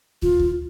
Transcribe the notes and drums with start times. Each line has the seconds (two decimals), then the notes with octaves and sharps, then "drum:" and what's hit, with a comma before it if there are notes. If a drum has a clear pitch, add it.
0.22 F4, drum: kick
0.39 drum: kick